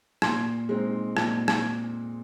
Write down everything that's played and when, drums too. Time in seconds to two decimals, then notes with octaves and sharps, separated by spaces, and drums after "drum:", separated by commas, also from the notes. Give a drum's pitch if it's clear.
0.22 A#2 C6, drum: rim click
0.69 G#3 C4 D#4
1.17 A#2, drum: rim click
1.48 drum: rim click